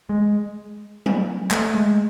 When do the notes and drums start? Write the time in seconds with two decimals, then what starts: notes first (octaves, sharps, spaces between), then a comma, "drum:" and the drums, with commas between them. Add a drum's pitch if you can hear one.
0.09 G#3
1.06 drum: tom F#3
1.51 A3, drum: clap
1.75 G#3